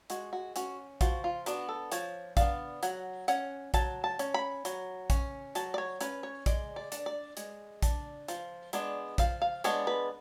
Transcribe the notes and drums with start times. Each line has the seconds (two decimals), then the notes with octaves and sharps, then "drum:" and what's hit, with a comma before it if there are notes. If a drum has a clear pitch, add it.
0.10 G#3 F#4, drum: hi-hat
0.33 F#4
0.56 C#4 F#4, drum: hi-hat
1.01 F3 F#4, drum: kick A#1, hi-hat
1.24 F4
1.46 B3 D4 F#4, drum: hi-hat
1.69 A4
1.92 F3 C#5, drum: hi-hat
2.37 B3 D4 F5, drum: kick A#1, hi-hat
2.83 F#3 F#5, drum: hi-hat
3.28 C#4 F#5, drum: hi-hat
3.74 F#3 A5, drum: kick A#1, hi-hat
4.04 A5
4.19 C#4, drum: hi-hat
4.34 B5
4.65 F#3, drum: hi-hat
5.10 C#4, drum: kick A#1, hi-hat
5.55 F#3 A5, drum: hi-hat
5.74 D5
5.78 C#5
6.01 C#4 B4, drum: hi-hat
6.23 C#5
6.46 G#3 D5, drum: kick A#1, hi-hat
6.76 D5
6.92 D4, drum: hi-hat
7.06 D5
7.37 G#3, drum: hi-hat
7.82 D4, drum: kick A#1, hi-hat
8.28 F3, drum: hi-hat
8.73 G#3 B3 D4, drum: hi-hat
9.18 F3 F5, drum: kick A#1, hi-hat
9.42 F5
9.64 G#3 B3 D4 C#5, drum: hi-hat
9.87 B4